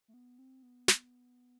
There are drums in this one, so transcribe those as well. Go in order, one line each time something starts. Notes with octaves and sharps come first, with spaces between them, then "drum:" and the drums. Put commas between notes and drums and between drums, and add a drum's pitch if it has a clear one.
A3
B3
C4
B3
drum: snare